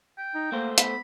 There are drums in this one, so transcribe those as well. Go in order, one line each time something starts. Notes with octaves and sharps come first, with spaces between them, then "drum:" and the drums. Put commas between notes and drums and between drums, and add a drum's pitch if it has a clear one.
G5
D#4
A3 A#3 C5
B3 B5, drum: hi-hat